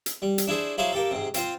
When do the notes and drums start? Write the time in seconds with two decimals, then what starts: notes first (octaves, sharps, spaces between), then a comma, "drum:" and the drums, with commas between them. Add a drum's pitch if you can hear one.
0.06 drum: hi-hat
0.22 G3
0.38 drum: hi-hat
0.47 D4 E4 G#4 C5
0.78 F#3 E4 G#4 C5 F5
0.92 A#3 G4 A4
1.11 G#2 C3
1.34 C4 F4 C5, drum: hi-hat